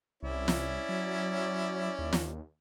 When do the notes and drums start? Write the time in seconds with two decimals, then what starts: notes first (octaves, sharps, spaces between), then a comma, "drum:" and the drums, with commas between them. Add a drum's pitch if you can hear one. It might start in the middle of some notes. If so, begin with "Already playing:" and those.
0.23 C2 C#4 E4 D5
0.48 drum: snare
0.89 F#3
1.99 D#2
2.13 drum: snare